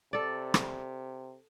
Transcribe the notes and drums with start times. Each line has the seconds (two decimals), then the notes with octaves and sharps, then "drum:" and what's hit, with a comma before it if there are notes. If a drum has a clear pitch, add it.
0.13 C3 A4 D5
0.54 drum: rim click